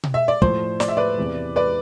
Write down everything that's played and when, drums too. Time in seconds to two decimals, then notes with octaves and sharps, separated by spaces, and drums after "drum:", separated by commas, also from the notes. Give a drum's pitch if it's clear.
0.03 drum: tom B2
0.14 E5
0.28 D5
0.42 A2 F3 C5, drum: kick
0.80 D5, drum: snare
0.88 E5
0.97 B4 D5
1.18 E2 C3 E3
1.56 B4 D5